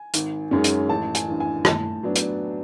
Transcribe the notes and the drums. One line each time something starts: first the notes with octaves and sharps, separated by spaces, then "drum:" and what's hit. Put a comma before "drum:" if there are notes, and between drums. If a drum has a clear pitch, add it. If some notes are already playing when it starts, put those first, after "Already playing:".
Already playing: G#5
G#1, drum: hi-hat
F#2 D#3 G#3 C#4
drum: hi-hat
A1 A5
G#5, drum: hi-hat
G2 E3
G#5
A2 A5, drum: rim click
F#3 B3 D4
drum: hi-hat